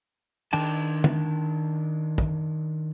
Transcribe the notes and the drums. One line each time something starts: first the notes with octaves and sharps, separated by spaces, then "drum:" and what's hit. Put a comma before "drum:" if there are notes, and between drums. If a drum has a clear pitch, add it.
D#3 D4 G5 A5, drum: cymbal
drum: tom D3
drum: kick